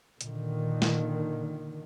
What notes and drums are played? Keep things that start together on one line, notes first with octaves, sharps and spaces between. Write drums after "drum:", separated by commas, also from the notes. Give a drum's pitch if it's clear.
A#2 D3 D#3, drum: hi-hat
drum: snare